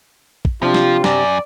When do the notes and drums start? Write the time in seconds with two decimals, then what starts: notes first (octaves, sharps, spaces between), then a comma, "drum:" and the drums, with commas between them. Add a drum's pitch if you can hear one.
0.45 drum: kick
0.62 C3 F3 D4 F4 G4
0.74 drum: snare
1.04 F#2 D5, drum: snare